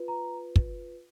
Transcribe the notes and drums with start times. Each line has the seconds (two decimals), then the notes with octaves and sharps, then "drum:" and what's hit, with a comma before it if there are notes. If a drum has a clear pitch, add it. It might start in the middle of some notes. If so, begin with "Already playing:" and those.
Already playing: F4 B4
0.08 A#5
0.56 drum: kick